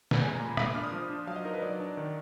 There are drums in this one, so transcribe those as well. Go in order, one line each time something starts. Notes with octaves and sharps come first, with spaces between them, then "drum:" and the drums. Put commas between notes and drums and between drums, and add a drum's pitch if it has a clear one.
drum: snare
G#3 G#5
A#5
A#2
B5
G#3 B5, drum: rim click
D6
D4 F6
D#6
F3
D4
F#3 F5
D#5
D#4 A#4
B4
F#3 D5
D4
D#3